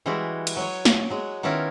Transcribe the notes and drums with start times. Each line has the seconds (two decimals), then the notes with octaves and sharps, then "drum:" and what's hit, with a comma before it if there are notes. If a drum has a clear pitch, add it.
0.06 E3 G3 G#3 E4 F#4
0.47 drum: cymbal
0.56 F#3 C#5
0.85 drum: snare
1.10 F#3 G#3
1.43 D#3 B3 C#4 E4 F4 A#4